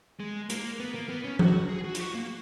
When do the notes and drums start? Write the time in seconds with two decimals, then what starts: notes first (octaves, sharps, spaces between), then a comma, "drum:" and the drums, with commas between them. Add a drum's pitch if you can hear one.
0.20 G#3
0.50 A#3, drum: hi-hat
0.80 B3
0.95 A#3
1.10 B3
1.24 C#4
1.39 F#4, drum: tom F3
1.69 G#4
1.84 F#4
1.95 F4, drum: hi-hat
2.00 F#4
2.14 A#3